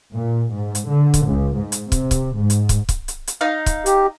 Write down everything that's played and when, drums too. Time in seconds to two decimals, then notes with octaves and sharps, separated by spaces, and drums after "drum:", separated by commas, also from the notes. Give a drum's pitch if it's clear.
0.15 A#2
0.52 G#2
0.75 drum: hi-hat
0.87 D3
1.14 drum: kick, hi-hat
1.27 C#2
1.57 G#2
1.72 drum: hi-hat
1.92 C3, drum: kick, hi-hat
2.11 drum: kick, hi-hat
2.36 G#2
2.50 drum: hi-hat
2.69 drum: kick, hi-hat
2.89 drum: kick, hi-hat
3.08 drum: hi-hat
3.27 drum: hi-hat
3.41 D#4 F5
3.66 drum: kick, hi-hat
3.86 G4, drum: hi-hat